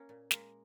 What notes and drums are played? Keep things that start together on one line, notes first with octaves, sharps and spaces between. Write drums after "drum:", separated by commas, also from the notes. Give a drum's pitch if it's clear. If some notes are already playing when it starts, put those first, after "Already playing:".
Already playing: A#3 C#4
A#2
G#3 A#3, drum: snare